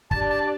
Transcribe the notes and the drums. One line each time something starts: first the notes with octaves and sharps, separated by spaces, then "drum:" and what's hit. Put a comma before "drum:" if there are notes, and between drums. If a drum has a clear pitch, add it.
D4 G4 D5 A5, drum: kick
A5